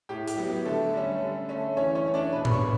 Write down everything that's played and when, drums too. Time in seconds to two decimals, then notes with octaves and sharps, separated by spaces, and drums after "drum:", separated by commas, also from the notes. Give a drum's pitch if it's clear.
0.09 A2 G4
0.28 G4, drum: hi-hat
0.37 F#3 B3
0.47 G4
0.65 D3 A3 A4
0.93 G3 C#4
1.20 D3
1.49 A3 C#4
1.77 E3 C#4 C#5
1.95 C#4 C#5
2.05 A3 C#4
2.14 D4 D5
2.33 B2 B4 B5
2.45 B5, drum: tom A2
2.51 C#5 C#6
2.60 G3